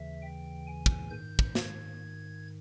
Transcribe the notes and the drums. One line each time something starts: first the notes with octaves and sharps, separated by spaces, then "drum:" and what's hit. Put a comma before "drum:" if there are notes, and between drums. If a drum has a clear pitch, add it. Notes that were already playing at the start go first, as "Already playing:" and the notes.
Already playing: D#2 C#3 E3 E5
G5
G#5
drum: kick
G#2 D#3 G6
drum: kick
G#6, drum: snare